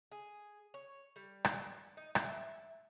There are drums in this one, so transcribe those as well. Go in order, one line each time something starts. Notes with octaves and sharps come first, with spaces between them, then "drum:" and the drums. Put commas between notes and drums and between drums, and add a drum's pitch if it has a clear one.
G#4
C#5
G3
drum: rim click
D#4
E5, drum: rim click